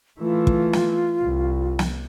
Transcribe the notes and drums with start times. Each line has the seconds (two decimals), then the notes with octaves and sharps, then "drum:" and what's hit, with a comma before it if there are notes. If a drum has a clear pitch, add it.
0.20 E3 A3 F4
0.47 drum: kick
0.73 drum: snare
1.23 C2
1.79 drum: snare